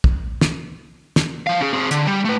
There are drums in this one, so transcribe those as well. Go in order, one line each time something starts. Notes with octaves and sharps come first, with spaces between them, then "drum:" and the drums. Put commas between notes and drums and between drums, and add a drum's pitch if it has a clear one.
drum: kick
drum: snare
drum: snare
F3 F5
C#4 G#4
C4 G#4
D3, drum: hi-hat
G3
A3 B4